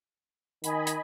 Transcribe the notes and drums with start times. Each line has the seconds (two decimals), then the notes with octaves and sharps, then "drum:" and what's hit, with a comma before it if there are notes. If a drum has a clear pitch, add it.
0.64 D#3 D#5 G#5 B5, drum: hi-hat
0.87 drum: hi-hat